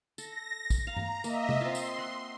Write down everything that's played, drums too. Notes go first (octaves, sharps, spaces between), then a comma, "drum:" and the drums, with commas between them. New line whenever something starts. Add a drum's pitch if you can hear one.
A4 A#6, drum: tambourine
drum: kick, tambourine
F5 A#5
drum: tom G2
A#3 D#5 E5, drum: tambourine
drum: tom C3
C4 F4 C6
drum: tambourine
F#5